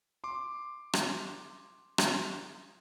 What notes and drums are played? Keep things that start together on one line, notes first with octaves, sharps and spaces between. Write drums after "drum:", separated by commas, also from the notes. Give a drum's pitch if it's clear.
C6 D6
drum: rim click
drum: rim click